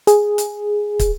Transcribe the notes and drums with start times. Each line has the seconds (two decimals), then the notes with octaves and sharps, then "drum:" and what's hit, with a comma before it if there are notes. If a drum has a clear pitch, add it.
0.07 G#4, drum: hi-hat
0.38 drum: hi-hat
0.99 drum: kick, hi-hat